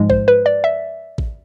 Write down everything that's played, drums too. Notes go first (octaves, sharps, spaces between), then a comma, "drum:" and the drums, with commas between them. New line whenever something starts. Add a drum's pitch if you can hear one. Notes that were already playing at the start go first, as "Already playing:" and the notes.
Already playing: G#2 F3 G#3
C5, drum: kick A1
B4
D5
E5
drum: kick A1